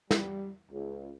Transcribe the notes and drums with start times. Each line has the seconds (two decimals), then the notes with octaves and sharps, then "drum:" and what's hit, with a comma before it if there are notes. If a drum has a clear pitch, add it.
0.11 G3, drum: snare
0.72 C#2